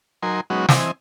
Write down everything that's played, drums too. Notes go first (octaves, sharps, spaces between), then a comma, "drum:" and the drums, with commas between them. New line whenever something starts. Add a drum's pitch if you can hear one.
F#3 D#4 A#4 G#5 C6
F#3 G#3 B3 C#4 D#4 F#4
E3 C4 D#5 G#5, drum: snare